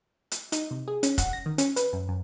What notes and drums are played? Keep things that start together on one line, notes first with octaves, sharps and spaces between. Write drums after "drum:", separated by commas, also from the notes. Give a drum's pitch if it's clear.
drum: hi-hat
D#4, drum: hi-hat
C3
G#4
C#4, drum: hi-hat
F#5, drum: kick, hi-hat
A#6
D#3
C#4, drum: hi-hat
B4, drum: hi-hat
F#2
F#2